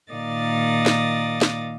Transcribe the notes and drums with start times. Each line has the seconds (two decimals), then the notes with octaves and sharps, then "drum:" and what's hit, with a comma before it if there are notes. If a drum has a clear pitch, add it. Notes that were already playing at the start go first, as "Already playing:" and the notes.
0.12 A#2 D#3 D5 D#5 F5 A6
0.86 drum: snare
1.41 drum: snare